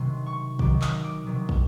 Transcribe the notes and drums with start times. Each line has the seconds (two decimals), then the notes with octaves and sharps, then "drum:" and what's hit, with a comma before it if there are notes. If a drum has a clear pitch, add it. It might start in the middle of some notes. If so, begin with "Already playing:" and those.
Already playing: C3 D#3 F#3 C6
0.26 C#6
0.59 C3 D#3 F#3 D6, drum: kick
0.82 D#6, drum: clap
1.04 D6
1.27 C3 D#3 F#3
1.49 drum: kick